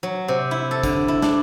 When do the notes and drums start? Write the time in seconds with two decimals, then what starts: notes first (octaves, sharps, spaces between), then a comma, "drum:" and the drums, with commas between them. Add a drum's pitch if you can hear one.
0.03 F#3
0.28 C3
0.51 E4
0.71 A4
0.83 D3, drum: kick, hi-hat
1.08 E4
1.22 D4, drum: snare